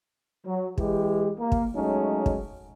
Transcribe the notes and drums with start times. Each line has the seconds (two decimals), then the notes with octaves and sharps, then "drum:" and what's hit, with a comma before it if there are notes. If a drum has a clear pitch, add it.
0.46 F#3
0.78 E3 G#3 G4, drum: kick
1.39 A#3
1.52 drum: kick
1.75 F#3 G#3 A3 C#4 D#4
2.26 drum: kick